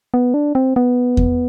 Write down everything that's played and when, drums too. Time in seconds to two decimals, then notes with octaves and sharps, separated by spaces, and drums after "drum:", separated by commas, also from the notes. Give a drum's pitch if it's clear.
0.14 B3
0.34 D4
0.55 C4
0.76 B3
1.17 drum: kick E2